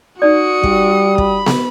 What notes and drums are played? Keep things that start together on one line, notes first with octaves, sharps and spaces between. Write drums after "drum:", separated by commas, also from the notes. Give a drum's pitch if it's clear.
D#4 F#4 D5 D#6 C#7
G3, drum: kick
B5, drum: kick
drum: snare B3